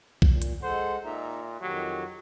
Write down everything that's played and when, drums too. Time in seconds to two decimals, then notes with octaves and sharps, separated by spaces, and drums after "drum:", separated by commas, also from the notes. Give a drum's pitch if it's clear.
0.22 A#2, drum: kick B1
0.42 drum: hi-hat
0.63 G#3 A4 C5 F#5
1.05 A#2 D#4 E5 A#5
1.61 F2 D#3 F#3 G4